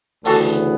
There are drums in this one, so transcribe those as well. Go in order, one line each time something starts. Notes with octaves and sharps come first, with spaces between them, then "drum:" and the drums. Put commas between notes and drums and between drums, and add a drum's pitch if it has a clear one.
D2 C#3 E3 B3 F#4 A4, drum: open hi-hat